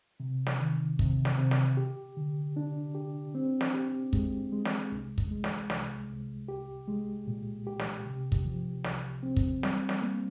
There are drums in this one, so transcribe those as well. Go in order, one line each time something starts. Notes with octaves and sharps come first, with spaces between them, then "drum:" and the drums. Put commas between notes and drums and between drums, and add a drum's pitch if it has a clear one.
C3
drum: snare
D#3
C3, drum: kick
drum: snare
C3
drum: snare
G4
D3
D4
G4
C4
drum: snare
G4
G#3, drum: kick
G#3
drum: snare
C2
drum: kick
G#3
drum: snare
C2, drum: snare
C2
G4
G#3
A#2
G4
drum: snare
C3
drum: kick
F3
C2, drum: snare
C4
drum: kick
G3, drum: snare
drum: snare
A#3